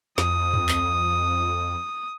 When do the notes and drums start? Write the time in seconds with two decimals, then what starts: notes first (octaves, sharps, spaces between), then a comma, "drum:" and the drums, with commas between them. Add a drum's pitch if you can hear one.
0.18 F2 D#6, drum: snare
0.54 drum: tom
0.69 drum: clap